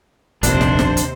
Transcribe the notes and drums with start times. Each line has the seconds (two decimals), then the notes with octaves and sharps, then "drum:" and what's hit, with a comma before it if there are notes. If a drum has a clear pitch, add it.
0.43 F1 A#1 D#2 C3 D4 C5, drum: hi-hat
0.61 drum: snare
0.79 drum: snare
0.97 drum: hi-hat